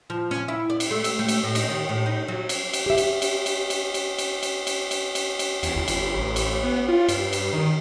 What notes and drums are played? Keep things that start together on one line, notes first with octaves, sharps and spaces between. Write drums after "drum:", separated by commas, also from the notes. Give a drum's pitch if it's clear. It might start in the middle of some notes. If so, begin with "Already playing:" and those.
F3
C#4
E4
D5
drum: cymbal
A3
drum: cymbal
A3
drum: cymbal
A2
D#4, drum: cymbal
D#3
A2
D#4
F#3
drum: cymbal
drum: cymbal
G4 E5
drum: cymbal
drum: cymbal
drum: cymbal
drum: cymbal
drum: cymbal
drum: cymbal
drum: cymbal
drum: cymbal
drum: cymbal
drum: cymbal
drum: cymbal
E2, drum: cymbal
G1
drum: cymbal
A1
drum: cymbal
B3
F4
G2, drum: cymbal
drum: cymbal
D#3